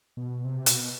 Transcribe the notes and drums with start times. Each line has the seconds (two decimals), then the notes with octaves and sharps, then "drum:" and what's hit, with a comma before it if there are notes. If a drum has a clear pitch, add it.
0.17 B2
0.44 C3
0.66 B2, drum: hi-hat